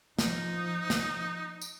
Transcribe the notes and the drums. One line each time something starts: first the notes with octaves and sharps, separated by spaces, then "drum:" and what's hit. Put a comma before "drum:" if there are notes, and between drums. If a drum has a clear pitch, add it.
F3 D#4, drum: snare
drum: snare
drum: tambourine